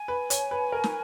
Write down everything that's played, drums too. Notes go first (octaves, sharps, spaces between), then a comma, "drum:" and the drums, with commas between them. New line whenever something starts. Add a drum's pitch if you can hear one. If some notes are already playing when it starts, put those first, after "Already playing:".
Already playing: G#5
B4
C#5, drum: hi-hat
B4
A#4
drum: snare